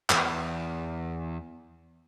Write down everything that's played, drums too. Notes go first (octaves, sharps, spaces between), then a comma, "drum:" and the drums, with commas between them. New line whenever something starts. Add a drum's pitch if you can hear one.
E2 G2, drum: clap